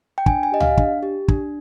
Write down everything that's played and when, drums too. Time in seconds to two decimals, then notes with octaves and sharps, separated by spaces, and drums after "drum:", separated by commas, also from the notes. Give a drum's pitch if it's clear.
0.18 G5
0.26 D4 G#5, drum: kick
0.43 G#5
0.52 G4 D#5
0.60 F5, drum: tom C#2
0.77 D4, drum: kick
1.03 G4
1.28 D4, drum: kick